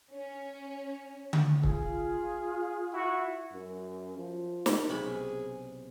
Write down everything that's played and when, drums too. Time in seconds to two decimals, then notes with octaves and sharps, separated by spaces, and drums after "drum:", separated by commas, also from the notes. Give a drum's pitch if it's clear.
0.13 C#4
1.33 drum: tom D3
1.63 F4 G#4, drum: kick
2.93 E4 F#4
3.53 F#2
4.18 F3
4.66 drum: snare
4.89 B1 C3 C#4 G#4 B5